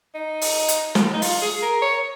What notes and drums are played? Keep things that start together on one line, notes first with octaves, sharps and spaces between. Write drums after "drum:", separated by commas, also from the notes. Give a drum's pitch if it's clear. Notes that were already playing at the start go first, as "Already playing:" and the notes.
D#4
drum: open hi-hat
drum: hi-hat
drum: snare
D#4
F4, drum: open hi-hat
G#4
A#4
C#5